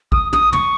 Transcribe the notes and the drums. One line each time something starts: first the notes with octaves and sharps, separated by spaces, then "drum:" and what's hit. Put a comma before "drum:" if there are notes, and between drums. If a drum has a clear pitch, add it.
D#6, drum: kick A1
D#6, drum: tom
C#6, drum: tom